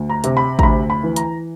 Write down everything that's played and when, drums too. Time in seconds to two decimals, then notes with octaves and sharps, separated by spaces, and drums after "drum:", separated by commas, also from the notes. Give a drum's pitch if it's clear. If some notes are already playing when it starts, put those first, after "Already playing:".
Already playing: D2
0.09 A#5
0.24 C3, drum: hi-hat
0.37 B5
0.59 A#5, drum: kick A1
0.63 D2 B5
0.90 B5
1.03 E3
1.16 A#5, drum: hi-hat